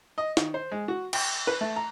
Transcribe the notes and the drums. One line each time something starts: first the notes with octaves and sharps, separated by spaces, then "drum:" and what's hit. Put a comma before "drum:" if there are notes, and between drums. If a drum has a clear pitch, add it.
D#5
D#3, drum: snare
C5
G#3
F#4
G5, drum: cymbal
B4
A3
A#5